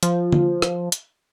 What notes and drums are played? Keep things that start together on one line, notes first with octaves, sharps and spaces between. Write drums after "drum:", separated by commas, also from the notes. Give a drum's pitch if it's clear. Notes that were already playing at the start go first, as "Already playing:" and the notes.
F3, drum: hi-hat
drum: tom D3
drum: rim click
drum: hi-hat